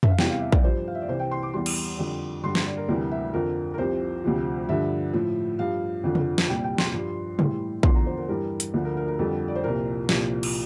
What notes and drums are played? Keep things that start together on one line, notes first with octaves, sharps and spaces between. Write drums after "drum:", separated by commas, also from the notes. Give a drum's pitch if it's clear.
E5, drum: tom F2
F5
E2 C3 E3 G3 G5, drum: snare
F5
E5
D5, drum: kick
G2 F3 C5
F5
E5
D5
C2 C3 E3 C5
G5
C6
D6
E2 E3 G3 C6
drum: cymbal
F2 D3 G3
G2 D3 G3 C6
C6, drum: snare
D5
A#4
D2 C3 E3 G3 A#4
E5
F2 D3 F3 A#4
A#4
C2 C3 F3 C5
D2 C3 F3
G2 D3 F3 E5
A2 F3
G2 F3 F5
F2 D3 F3
drum: tom C3
drum: snare
C2 A#2 G3 G5
G5
C6, drum: snare
G2 F3
A2 E3 G3, drum: tom C3
E2 D3 F3 C6, drum: kick
A#5
C5
A#4
G2 E3 G3 A#4
drum: hi-hat
D2 D3 F3
A#4
A#4
A#4
F2 D3 G3 A4
D5
C5
C2 A#2 F3 A#4
C2 A#2 F3, drum: snare
drum: cymbal